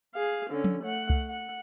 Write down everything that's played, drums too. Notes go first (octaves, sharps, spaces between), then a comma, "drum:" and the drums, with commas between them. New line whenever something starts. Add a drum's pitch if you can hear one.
G#4 F5
D3 C#4
drum: tom F3
A3 F#5
drum: kick C2
F#5